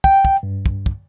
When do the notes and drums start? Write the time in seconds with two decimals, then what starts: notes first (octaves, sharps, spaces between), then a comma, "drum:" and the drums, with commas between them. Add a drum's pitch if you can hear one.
0.04 G5, drum: kick
0.25 drum: kick
0.43 G2
0.66 drum: kick
0.86 drum: kick